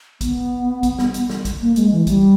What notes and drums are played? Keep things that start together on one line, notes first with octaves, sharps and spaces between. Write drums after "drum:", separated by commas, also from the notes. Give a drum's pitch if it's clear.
B3, drum: kick, hi-hat
drum: kick, hi-hat
drum: snare
drum: hi-hat
drum: snare
drum: kick, hi-hat
A#3
G#3, drum: hi-hat
E3
G3, drum: kick, hi-hat